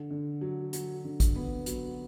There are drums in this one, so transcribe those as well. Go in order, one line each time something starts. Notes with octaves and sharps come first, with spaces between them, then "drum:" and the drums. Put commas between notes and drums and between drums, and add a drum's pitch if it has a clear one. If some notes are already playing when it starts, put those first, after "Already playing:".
Already playing: D3
D3
F#3
F#3, drum: hi-hat
D3
drum: kick A1, hi-hat
B3
F#3, drum: hi-hat